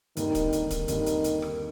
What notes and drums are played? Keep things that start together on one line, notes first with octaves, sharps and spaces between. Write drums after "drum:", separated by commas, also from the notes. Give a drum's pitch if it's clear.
D#2 D3 D#3 G3 C4 D#4, drum: hi-hat
drum: kick, hi-hat
drum: hi-hat
drum: kick, hi-hat
D#2 D3 D#3 G3 C4 D#4, drum: hi-hat
drum: hi-hat
drum: hi-hat
drum: rim click